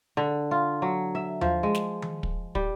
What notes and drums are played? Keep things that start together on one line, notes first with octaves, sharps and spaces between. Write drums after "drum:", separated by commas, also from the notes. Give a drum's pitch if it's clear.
D3
F4
F#3
E5
F3, drum: tom D#2
G#3
drum: snare
drum: tom D#3
drum: kick
G3, drum: kick